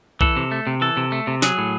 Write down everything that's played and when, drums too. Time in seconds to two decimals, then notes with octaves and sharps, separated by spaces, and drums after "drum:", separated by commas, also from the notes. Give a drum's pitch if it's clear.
0.21 E3 A4, drum: kick
0.36 C3
0.51 A3
0.67 C3
0.81 E3 A4
0.97 C3
1.12 A3
1.27 C3
1.42 F#3 G#4, drum: snare
1.58 A2